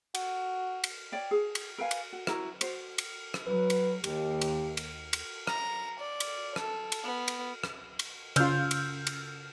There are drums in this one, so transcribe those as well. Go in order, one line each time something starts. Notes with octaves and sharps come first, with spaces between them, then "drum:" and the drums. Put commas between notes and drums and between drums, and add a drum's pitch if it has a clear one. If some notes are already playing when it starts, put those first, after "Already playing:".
F#4, drum: cymbal
drum: cymbal
C#5 D5 G5
G#4
drum: cymbal
A#4 B4 F5 G#5
drum: cymbal
F#4
E4 F#4 A#4, drum: rim click
F#4 C5, drum: cymbal
drum: cymbal
drum: rim click
F#3 B4
drum: cymbal
D#2 G4, drum: cymbal
drum: cymbal
drum: cymbal
drum: cymbal
A#5, drum: rim click
D5
drum: cymbal
A4, drum: rim click
drum: cymbal
B3
drum: cymbal
drum: rim click
drum: cymbal
C#3 F4 E6 F6 G6, drum: cymbal
drum: cymbal
drum: cymbal